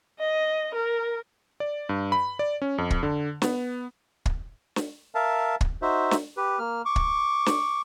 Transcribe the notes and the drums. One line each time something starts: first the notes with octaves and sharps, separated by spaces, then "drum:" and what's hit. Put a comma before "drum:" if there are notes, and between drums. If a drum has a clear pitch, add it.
D#5
A#4
D5
G2
B5
D5
C#4
F2
drum: kick
D3
B3, drum: snare
drum: kick
drum: snare
A#4 E5 F5 A5
drum: kick
D#4 F#4 C5 E5
drum: snare
G4 B4
A#3 F6
C#6 D6
drum: kick
drum: snare